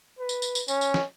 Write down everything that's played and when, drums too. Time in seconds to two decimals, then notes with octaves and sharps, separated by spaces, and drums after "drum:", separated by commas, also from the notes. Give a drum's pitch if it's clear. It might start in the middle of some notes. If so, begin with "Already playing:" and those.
0.19 B4
0.29 drum: tambourine
0.42 drum: tambourine
0.55 drum: tambourine
0.68 C#4, drum: tambourine
0.81 drum: tambourine
0.94 drum: snare